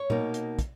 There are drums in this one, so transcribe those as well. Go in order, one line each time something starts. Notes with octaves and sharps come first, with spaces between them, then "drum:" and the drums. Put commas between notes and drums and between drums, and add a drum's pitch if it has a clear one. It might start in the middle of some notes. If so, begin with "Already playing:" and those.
Already playing: C#5
B2 A#3 D#4, drum: tom A#2
drum: hi-hat
drum: kick, hi-hat